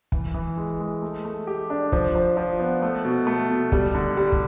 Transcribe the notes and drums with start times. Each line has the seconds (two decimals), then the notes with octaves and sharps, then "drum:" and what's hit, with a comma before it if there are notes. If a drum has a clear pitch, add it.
0.12 E3, drum: kick
0.34 E3
0.57 G#3
0.80 G#3
1.02 A3
1.25 A3
1.47 G4
1.70 D4
1.92 F3, drum: kick
2.15 F3
2.37 F3
2.60 B3
2.82 A3
3.05 B2
3.27 A3
3.50 B2
3.72 G3, drum: kick
3.95 D3
4.17 G3
4.32 drum: kick